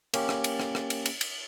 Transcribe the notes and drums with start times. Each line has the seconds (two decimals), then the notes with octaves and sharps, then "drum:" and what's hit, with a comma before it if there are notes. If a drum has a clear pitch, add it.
0.14 A#3 C#4 G4, drum: cymbal
0.29 drum: rim click
0.44 drum: cymbal
0.60 drum: rim click
0.75 drum: rim click
0.90 drum: cymbal
1.06 drum: cymbal
1.21 drum: cymbal